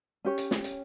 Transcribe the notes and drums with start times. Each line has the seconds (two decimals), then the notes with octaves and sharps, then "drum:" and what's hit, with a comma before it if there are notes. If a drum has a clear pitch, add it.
0.25 C#4 G4 C#5
0.38 drum: hi-hat
0.51 drum: snare
0.64 drum: hi-hat